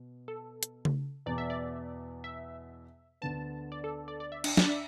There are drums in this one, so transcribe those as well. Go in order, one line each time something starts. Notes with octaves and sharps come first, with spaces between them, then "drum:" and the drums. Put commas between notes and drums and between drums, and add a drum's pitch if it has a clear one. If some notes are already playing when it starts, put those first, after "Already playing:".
Already playing: B2
A4
drum: hi-hat
drum: tom C#3
E2 B2 B3 D5
E5
D5
E5
D2 D3 B3 A5
D5
A4
D5
D5
E5
D4, drum: cymbal
D4, drum: snare
D5
E5